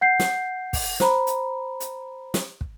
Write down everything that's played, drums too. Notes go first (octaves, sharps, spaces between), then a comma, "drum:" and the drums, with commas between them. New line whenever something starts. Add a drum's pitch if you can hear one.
F#5 G6 C7
drum: snare
drum: kick, open hi-hat
C5 A#5 B5, drum: snare
drum: hi-hat
drum: hi-hat
drum: snare
drum: kick